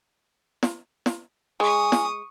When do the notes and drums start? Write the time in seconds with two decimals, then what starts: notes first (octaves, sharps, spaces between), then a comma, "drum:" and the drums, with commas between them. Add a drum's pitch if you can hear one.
0.63 drum: snare
1.06 drum: snare
1.60 G#3 G#5 C#6 D#6
1.92 drum: snare